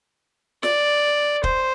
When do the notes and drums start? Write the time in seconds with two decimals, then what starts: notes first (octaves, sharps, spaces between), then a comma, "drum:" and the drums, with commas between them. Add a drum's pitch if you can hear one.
0.63 D5, drum: snare
1.44 C5, drum: kick